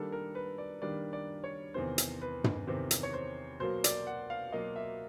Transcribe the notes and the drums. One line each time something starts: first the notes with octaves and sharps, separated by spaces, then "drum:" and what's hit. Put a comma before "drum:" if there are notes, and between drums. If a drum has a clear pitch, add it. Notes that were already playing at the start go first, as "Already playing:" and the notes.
Already playing: D#3 G3 A#3 D4 A4
A#4
B4
D5
D#3 G3 A#3 D4 D5
D5
C#5
E2 C3 D#3 C5
drum: hi-hat
B4
drum: tom
E2 C3 D#3 C5
drum: hi-hat
C#5
C5
B2 F#3 A#3 C5
D5, drum: hi-hat
F#5
F5
B2 F#3 A#3 D#5
E5